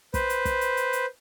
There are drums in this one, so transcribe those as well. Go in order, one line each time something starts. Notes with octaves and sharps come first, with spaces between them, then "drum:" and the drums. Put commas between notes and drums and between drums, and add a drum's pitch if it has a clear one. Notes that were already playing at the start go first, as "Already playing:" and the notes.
B4 C5, drum: kick, hi-hat
drum: hi-hat
drum: kick, hi-hat
drum: hi-hat
drum: hi-hat
drum: hi-hat